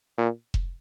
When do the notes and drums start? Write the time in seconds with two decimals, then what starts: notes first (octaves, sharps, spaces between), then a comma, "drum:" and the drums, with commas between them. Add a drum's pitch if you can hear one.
0.18 A#2
0.54 drum: kick F1